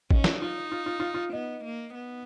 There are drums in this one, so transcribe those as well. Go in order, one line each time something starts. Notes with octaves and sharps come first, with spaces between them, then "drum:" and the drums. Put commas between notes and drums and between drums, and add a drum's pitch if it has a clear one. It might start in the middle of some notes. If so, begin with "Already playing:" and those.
C#4 D#4, drum: kick A#1
drum: snare
D#4 F4
F4
F4
F4
F4
B3 D#4
A#3
B3